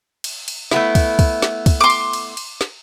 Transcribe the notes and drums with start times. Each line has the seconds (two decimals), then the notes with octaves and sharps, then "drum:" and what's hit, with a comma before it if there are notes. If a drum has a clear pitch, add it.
0.24 drum: cymbal
0.48 drum: cymbal
0.71 A3 B3 E4, drum: snare
0.95 drum: kick, cymbal
1.19 drum: kick, cymbal
1.42 drum: snare
1.66 drum: kick, cymbal
1.81 C6 D6
1.90 drum: cymbal
2.13 drum: cymbal
2.37 drum: cymbal
2.61 drum: snare